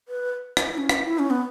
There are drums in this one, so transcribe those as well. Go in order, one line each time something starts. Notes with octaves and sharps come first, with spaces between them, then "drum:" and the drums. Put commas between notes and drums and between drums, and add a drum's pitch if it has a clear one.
B4
drum: rim click
E4
C#4
drum: rim click
E4
C#4
B3